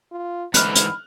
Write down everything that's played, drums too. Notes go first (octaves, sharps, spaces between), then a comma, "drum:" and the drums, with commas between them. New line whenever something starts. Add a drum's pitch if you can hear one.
F4
G#2 D3 E3 B5 F6 F#6, drum: hi-hat
drum: hi-hat